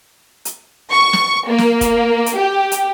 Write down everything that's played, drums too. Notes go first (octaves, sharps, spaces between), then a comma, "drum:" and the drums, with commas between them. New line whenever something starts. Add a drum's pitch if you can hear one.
drum: hi-hat
C#6
drum: snare
A#3
drum: snare
drum: kick, hi-hat
drum: hi-hat
G4
drum: hi-hat